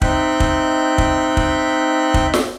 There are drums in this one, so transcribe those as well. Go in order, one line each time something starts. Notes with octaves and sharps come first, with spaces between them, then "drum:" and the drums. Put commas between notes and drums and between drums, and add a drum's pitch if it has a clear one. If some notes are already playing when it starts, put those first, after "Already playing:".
C4 D#4 E5 G5 F#6 G6, drum: kick
drum: kick
drum: kick
drum: kick
drum: kick
drum: snare